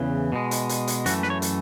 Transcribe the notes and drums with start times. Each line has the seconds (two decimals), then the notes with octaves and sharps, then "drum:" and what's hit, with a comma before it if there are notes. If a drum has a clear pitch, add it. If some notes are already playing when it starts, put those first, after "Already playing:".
Already playing: E2 C#3 E3
0.32 B2 G#3
0.51 drum: hi-hat
0.69 drum: hi-hat
0.88 drum: hi-hat
1.06 F#2 E3 A3 F#4, drum: hi-hat
1.23 B4, drum: snare
1.30 C#5
1.42 drum: hi-hat